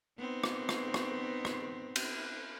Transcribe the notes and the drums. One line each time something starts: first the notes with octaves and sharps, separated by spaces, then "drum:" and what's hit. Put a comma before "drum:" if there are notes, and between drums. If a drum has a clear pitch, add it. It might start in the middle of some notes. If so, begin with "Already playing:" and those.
B3 C4 D#4
drum: rim click
drum: rim click
drum: rim click
drum: rim click
drum: cymbal